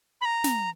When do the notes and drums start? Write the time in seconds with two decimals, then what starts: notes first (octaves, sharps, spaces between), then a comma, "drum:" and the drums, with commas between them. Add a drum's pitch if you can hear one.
0.21 B5
0.25 A#5
0.44 drum: snare